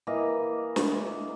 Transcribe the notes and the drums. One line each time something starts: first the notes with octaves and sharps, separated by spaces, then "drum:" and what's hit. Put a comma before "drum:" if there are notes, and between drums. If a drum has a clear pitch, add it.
E3 A#3 D#5
drum: snare